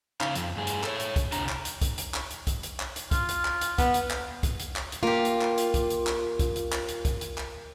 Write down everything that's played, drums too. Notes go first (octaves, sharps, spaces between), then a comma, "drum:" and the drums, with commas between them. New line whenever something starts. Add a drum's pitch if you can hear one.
C#3 D#4 F5, drum: clap
F2, drum: hi-hat
G2 G#4
drum: hi-hat
A4 B4 C#5, drum: clap
drum: hi-hat
drum: kick, hi-hat
C3 D4 A#5, drum: hi-hat
drum: clap
drum: hi-hat
drum: kick, hi-hat
drum: hi-hat
drum: clap
drum: hi-hat
drum: kick, hi-hat
drum: hi-hat
drum: clap
drum: hi-hat
F4, drum: kick, hi-hat
drum: hi-hat
drum: clap
drum: hi-hat
B3, drum: kick, hi-hat
drum: hi-hat
drum: clap
drum: kick, hi-hat
drum: hi-hat
drum: clap
drum: hi-hat
A#3 F4 G4
drum: hi-hat
drum: clap
drum: hi-hat
drum: kick, hi-hat
drum: hi-hat
drum: clap
drum: kick, hi-hat
drum: hi-hat
drum: clap
drum: hi-hat
drum: kick, hi-hat
drum: hi-hat
drum: clap